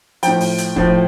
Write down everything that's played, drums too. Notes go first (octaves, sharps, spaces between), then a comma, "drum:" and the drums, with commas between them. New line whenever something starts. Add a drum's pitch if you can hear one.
A2 F3 G5, drum: hi-hat
drum: open hi-hat
drum: hi-hat
A2 F3, drum: kick